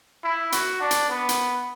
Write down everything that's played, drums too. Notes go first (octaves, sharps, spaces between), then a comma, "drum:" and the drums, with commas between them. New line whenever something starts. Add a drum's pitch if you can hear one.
E4
F#4, drum: hi-hat
D4
drum: hi-hat
B3
drum: hi-hat